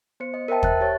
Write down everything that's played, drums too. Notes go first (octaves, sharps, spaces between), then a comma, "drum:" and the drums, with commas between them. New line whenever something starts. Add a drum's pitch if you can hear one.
B3 C5 C#7
D#5
A#4 C5 E5 G5 A5
E5 F#6 A6, drum: kick
G4 C#5 A6